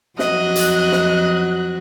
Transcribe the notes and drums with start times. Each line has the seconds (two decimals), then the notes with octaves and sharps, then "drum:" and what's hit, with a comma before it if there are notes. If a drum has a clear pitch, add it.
0.19 F2 F#3 F#4 D#5 F#6, drum: snare
0.56 drum: hi-hat
0.92 drum: snare